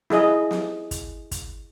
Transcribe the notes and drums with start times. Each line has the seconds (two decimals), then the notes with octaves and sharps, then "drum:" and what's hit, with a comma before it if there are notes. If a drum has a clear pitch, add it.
0.10 E4 G#4 D#5, drum: snare
0.51 drum: snare
0.91 drum: kick, hi-hat
1.31 drum: kick, hi-hat